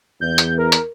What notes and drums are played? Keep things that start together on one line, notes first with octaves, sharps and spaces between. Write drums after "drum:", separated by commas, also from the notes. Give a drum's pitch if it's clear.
E2 G6
drum: hi-hat
A#4
drum: hi-hat